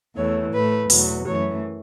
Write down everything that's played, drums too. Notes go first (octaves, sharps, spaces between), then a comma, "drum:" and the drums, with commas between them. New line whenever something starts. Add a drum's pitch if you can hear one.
E2 E3 A3 C#5
A2 A3 B4
E2 B2 F#3 A3, drum: open hi-hat
F#2 E3 A3 C#5